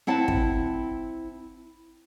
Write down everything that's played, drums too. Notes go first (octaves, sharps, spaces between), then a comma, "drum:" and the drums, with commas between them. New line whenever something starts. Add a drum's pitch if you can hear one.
C4 E4 F#5 A5
drum: kick